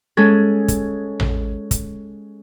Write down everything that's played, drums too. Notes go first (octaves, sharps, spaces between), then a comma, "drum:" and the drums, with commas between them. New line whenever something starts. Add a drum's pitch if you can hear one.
G#3 C#4 G#4 A4
drum: kick, hi-hat
drum: tom A1
drum: kick, hi-hat